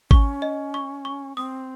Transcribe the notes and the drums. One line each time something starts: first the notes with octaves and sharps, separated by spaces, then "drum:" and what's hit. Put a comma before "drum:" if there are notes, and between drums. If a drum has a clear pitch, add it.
C#4 C#6, drum: kick G#1
D#5
C#6
C#6
C4 D#6